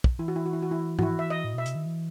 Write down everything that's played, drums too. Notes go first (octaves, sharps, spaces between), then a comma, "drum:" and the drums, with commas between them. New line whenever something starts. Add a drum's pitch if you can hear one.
drum: kick
E3 E4
F#4
E4
F#4
E4
F#4
E4
F#4, drum: tom
E4
E5
D#5
A2
B2 E5
C3, drum: hi-hat
D#3
E3